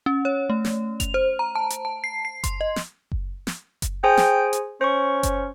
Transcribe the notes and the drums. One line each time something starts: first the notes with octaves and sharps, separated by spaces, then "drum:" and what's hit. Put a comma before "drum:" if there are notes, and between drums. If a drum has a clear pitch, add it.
C#4
C#5
A3
drum: snare
F7, drum: kick F#1, hi-hat
C5
A#5
A5
drum: hi-hat
A5
C7
C7
C6, drum: kick F#1, hi-hat
D#5
drum: snare
drum: kick F#1
drum: snare
drum: kick F#1, hi-hat
G#4 C5 G5 G#5
drum: snare
drum: hi-hat
C#4 C5 C#6
drum: kick F#1, hi-hat